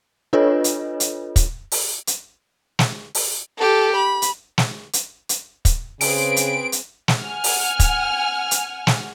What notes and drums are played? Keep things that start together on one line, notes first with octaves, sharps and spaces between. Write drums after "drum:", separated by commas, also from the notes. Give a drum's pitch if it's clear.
D4 F4 A4 B4 C#5 D#5
drum: hi-hat
drum: hi-hat
drum: kick, hi-hat
drum: open hi-hat
drum: hi-hat
drum: snare
drum: open hi-hat
G4 A4
B5
drum: hi-hat
drum: snare
drum: hi-hat
drum: hi-hat
drum: kick, hi-hat
C#3 C4 G#4 B4 D7, drum: open hi-hat
drum: hi-hat
drum: hi-hat
drum: snare
F#5 G#5 F6
drum: open hi-hat
drum: kick, hi-hat
drum: hi-hat
drum: snare